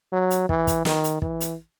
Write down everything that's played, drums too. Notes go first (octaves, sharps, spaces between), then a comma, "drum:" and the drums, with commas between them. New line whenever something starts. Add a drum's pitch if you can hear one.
F#3
drum: hi-hat
E3, drum: kick
drum: kick, hi-hat
D#3, drum: snare
drum: hi-hat
E3, drum: kick
drum: hi-hat